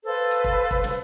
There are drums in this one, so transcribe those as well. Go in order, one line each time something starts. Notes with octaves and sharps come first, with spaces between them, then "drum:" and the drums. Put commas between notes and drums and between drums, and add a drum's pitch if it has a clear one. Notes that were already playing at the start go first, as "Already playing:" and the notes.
A4 B4 C5 F5
drum: hi-hat
drum: kick
drum: kick
drum: snare